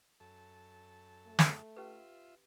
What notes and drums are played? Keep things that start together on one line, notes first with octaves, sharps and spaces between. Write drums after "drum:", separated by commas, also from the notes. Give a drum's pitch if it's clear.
F#2 A4 A5
A3
drum: snare
C#4 F4 G4 B4 E5